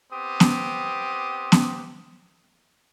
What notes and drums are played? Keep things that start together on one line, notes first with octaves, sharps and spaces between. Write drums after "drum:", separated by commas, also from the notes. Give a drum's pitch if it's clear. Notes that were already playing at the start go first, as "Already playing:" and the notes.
B3 C4 G4 D#6
drum: snare B3
drum: snare B3